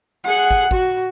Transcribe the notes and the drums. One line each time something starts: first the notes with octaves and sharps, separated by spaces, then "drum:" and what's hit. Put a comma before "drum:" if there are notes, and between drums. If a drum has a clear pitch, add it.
G#4 F#5
drum: kick
F#4, drum: kick